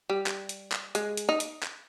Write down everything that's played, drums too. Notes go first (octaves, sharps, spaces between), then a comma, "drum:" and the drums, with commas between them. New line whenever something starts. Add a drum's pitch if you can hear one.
G3
drum: clap
drum: hi-hat
drum: clap
G#3, drum: hi-hat
drum: hi-hat
D#4
drum: hi-hat
drum: clap